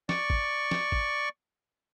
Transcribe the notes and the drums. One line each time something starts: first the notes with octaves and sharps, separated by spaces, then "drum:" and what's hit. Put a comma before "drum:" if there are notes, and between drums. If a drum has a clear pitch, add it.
D5 C#6, drum: snare
drum: kick G#1
drum: snare
drum: kick G#1